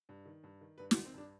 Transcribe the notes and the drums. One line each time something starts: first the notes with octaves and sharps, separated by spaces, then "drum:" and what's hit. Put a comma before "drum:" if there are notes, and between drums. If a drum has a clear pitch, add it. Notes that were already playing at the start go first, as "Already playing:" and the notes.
G2
D#3
G2
D#3
G2 B4
F#4, drum: snare
D#3
C4
G2 D4